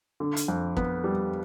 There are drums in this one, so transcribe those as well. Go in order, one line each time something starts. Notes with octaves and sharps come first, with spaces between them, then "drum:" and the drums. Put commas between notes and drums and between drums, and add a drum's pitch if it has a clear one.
D3
drum: hi-hat
F2
B3, drum: kick
G3